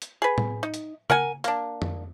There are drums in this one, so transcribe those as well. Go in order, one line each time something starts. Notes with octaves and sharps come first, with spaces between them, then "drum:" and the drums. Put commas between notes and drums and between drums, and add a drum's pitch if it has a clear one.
drum: hi-hat
G#4 B4
drum: tom A2
D#4
drum: hi-hat
A#4 F#5 G#5, drum: tom C#3
A#3 D4, drum: hi-hat
drum: tom F2